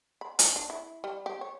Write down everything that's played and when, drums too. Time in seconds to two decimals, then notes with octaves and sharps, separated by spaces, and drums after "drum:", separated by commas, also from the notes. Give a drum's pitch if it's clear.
0.21 B5
0.39 G#5, drum: hi-hat
0.56 D4
0.70 E4
1.04 G3
1.26 G4
1.41 C#5